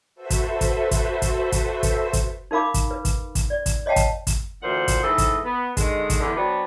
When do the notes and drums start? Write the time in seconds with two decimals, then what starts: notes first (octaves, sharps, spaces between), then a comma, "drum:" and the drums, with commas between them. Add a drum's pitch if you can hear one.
0.15 F#4 A4 B4 C5 E5
0.30 drum: kick, hi-hat
0.61 drum: kick, hi-hat
0.91 drum: kick, hi-hat
1.22 drum: kick, hi-hat
1.52 drum: kick, hi-hat
1.83 drum: kick, hi-hat
2.13 drum: kick, hi-hat
2.51 D#4 A#4 F5 B5 D6
2.74 drum: kick, hi-hat
2.91 B4
3.05 drum: kick, hi-hat
3.35 drum: kick, hi-hat
3.50 D5
3.66 drum: kick, hi-hat
3.86 C#5 D#5 F5 G5 A5
3.96 drum: kick, hi-hat
4.27 drum: kick, hi-hat
4.62 D2 A#2 E3 C5 F#5
4.88 drum: kick, hi-hat
5.03 G#2 E3 C4 A4 D#5
5.18 drum: kick, hi-hat
5.44 B3
5.77 D3 D#3 G#3, drum: kick, hi-hat
6.10 drum: kick, hi-hat
6.20 E2 D3
6.36 F#3 B3 C4 D4